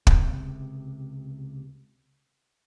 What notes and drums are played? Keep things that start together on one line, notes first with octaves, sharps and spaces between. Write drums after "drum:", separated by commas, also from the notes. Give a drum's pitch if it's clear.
C#2 G2 C3, drum: kick